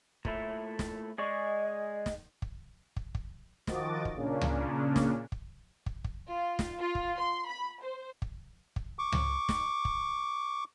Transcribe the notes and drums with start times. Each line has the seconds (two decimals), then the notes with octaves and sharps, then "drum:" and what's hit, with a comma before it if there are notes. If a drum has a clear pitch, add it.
0.25 A#2 A3 E4, drum: kick
0.79 drum: snare
1.18 G#3 G#4 D5 D#5 C#6
2.06 drum: snare
2.42 drum: kick
2.96 drum: kick
3.15 drum: kick
3.67 D#3 F3 F#4 D#5 D6 A6, drum: snare
4.05 drum: kick
4.16 A#2 C#3 A#3 C#4 D4
4.41 drum: tom C#2
4.96 drum: snare
5.32 drum: kick
5.86 drum: kick
6.04 drum: kick
6.31 F4
6.59 drum: snare
6.79 F4
6.95 drum: kick
7.18 C6
7.48 B5
7.80 C5
8.22 drum: kick
8.76 drum: kick
8.99 C#6 D6
9.12 drum: tom C#2
9.49 drum: snare
9.85 drum: kick